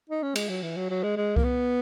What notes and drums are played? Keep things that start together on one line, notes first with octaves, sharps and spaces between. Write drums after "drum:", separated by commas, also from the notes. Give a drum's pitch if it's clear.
D#4
C#4
G#3, drum: cymbal
F#3
E3
F#3
F#3
G#3
G#3
A#3, drum: kick C2
B3